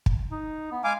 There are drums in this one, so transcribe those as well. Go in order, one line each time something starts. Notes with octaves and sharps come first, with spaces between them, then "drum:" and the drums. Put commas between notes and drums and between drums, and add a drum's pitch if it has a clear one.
drum: kick
D#4
B3
G#3 F5 G#5 D6